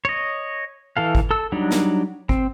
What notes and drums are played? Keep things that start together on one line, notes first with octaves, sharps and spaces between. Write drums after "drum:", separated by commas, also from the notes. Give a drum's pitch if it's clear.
C#5 D#5
E3 A4 F5
drum: kick G#1
A4 E6
F#3 G3 D4 D#4
drum: snare
C4, drum: kick G#1